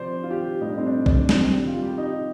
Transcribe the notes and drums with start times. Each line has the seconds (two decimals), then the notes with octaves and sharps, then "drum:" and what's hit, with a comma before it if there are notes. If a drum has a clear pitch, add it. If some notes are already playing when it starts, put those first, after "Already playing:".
Already playing: C3 F3 C5 D5
0.23 F4
0.31 G4
0.61 A2 G3 D#4
0.69 D4
0.78 C4
0.86 D4
1.06 D4, drum: kick
1.29 C4, drum: snare
1.52 C3 D#3 G3
1.67 F4
1.83 G4
1.98 D#4